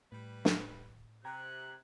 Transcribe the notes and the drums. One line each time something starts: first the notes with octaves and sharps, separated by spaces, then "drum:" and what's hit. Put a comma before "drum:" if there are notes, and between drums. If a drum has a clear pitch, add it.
A2 G3 B4
drum: snare
C3 G5 A#5 F#6 G#6